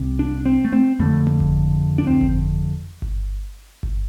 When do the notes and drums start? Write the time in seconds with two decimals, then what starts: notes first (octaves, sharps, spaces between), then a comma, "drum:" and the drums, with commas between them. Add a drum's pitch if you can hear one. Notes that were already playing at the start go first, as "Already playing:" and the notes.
Already playing: C2 C3
0.19 D4
0.46 C4
0.65 A3
0.73 C4
0.99 F2 D3 A3
1.27 drum: tom A3
1.40 drum: kick G1
1.98 D4
2.07 C4, drum: tom C#2
2.21 drum: kick G1
3.02 drum: kick G1
3.83 drum: kick G1